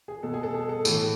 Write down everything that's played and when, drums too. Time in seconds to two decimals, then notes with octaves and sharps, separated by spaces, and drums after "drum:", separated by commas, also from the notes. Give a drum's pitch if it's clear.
0.08 G#4
0.23 B2 A4
0.34 G#4
0.43 A4
0.54 G#4
0.69 A4
0.85 A2 E3, drum: tambourine